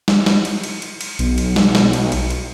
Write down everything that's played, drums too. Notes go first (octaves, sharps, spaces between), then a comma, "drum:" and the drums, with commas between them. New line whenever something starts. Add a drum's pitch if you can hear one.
drum: snare
drum: snare
drum: cymbal
drum: cymbal
drum: cymbal
drum: cymbal
B1, drum: cymbal
drum: cymbal
drum: snare
drum: snare
drum: cymbal
drum: cymbal
drum: cymbal